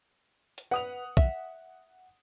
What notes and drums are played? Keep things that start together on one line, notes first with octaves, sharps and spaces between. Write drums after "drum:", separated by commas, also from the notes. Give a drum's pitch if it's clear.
drum: hi-hat
B4 F#5 D#6 F7
E5, drum: kick B1